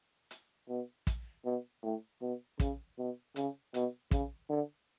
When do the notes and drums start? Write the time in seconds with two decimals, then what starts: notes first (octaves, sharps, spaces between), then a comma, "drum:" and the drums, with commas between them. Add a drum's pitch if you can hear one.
0.31 drum: hi-hat
0.69 B2
1.07 drum: kick, hi-hat
1.45 B2
1.83 A2
2.21 B2
2.60 C#3, drum: kick, hi-hat
2.98 B2
3.36 C#3, drum: hi-hat
3.74 B2, drum: hi-hat
4.11 C#3, drum: kick, hi-hat
4.49 D3